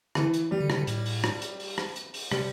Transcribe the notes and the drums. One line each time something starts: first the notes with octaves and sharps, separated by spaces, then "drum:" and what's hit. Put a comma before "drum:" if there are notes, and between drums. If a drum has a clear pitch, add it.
D3 E3, drum: rim click
drum: hi-hat
E3 G3
D3
C3, drum: rim click
D3
A2, drum: hi-hat
drum: open hi-hat
drum: rim click
drum: hi-hat
drum: open hi-hat
drum: rim click
drum: hi-hat
drum: open hi-hat
C3 G3, drum: rim click